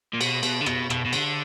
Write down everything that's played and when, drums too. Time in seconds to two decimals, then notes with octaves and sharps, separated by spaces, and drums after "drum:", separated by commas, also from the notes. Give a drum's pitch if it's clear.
0.13 A#2
0.21 B2, drum: cymbal
0.43 B2, drum: cymbal
0.61 D3
0.66 B2, drum: rim click
0.90 B2, drum: rim click
1.05 B2
1.13 D3, drum: cymbal